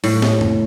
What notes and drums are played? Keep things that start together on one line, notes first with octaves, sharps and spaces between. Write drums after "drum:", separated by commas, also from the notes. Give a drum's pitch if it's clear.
A2, drum: open hi-hat
drum: snare
drum: tom